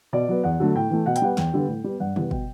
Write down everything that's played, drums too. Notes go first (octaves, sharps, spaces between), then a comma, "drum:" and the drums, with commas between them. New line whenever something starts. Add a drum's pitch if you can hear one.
B2 D5
F#3 B3
E2 F#5
D3 F#3 A3
A2 G5
E3 A3
B2 F#5
G5, drum: hi-hat
G3 B3 F#5
E2 G5, drum: snare
D3 G3 B3
A2
G3 B3
G2 F#5
E3 G3 B3, drum: tom C3
B2 G5, drum: kick